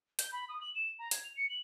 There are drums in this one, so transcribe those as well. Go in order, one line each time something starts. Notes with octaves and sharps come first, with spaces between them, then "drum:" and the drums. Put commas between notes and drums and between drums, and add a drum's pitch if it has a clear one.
G6, drum: hi-hat
B5
D#6
F#7
E7
A#5
G#6, drum: hi-hat
F7
C#7
F#7